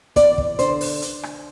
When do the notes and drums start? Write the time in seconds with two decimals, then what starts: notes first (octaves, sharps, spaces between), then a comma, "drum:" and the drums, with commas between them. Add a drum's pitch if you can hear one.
0.16 E2 D5, drum: kick, hi-hat
0.38 drum: kick
0.59 D3 C5, drum: hi-hat
0.81 drum: open hi-hat
1.02 drum: hi-hat
1.23 drum: rim click